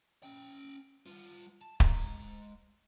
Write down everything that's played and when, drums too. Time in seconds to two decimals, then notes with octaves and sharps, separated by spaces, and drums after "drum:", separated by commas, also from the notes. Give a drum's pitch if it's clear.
0.23 C#4 G5
1.06 G3 F4
1.61 A5
1.80 G#3 A#5, drum: kick